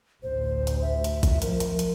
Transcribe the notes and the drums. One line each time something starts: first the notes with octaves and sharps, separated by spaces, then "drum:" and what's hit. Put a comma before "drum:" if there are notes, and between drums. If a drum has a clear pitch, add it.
A1 D2 C5
drum: hi-hat
E5
drum: hi-hat
drum: kick A1, hi-hat
F3 A#4, drum: hi-hat
drum: hi-hat
drum: hi-hat